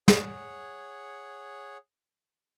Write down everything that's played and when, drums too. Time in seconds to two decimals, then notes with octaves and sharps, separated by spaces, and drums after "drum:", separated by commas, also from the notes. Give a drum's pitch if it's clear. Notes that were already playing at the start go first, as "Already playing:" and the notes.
0.08 G#4 C#5 F#5, drum: snare